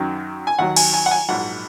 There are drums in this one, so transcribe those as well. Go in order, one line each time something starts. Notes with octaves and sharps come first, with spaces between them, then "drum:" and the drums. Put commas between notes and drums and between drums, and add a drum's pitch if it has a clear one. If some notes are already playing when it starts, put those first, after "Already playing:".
Already playing: F#2 D#3 F#3
G#5
D#2 D#3 F#3 F#5
G#5, drum: cymbal
G#5
F#5
G#5
A#1 G#2 F#3 F#5